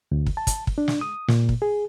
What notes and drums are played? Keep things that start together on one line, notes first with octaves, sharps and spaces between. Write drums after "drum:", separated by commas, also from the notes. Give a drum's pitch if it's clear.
D2
drum: kick
A5
drum: kick, hi-hat
drum: kick
D4
drum: snare
D#6
A#2, drum: snare
drum: kick
G#4